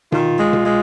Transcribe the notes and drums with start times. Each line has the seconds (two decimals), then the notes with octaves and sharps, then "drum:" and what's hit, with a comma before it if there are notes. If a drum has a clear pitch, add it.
0.12 D#3 F4, drum: tom B2
0.39 G#3
0.53 drum: tom B2
0.65 G#3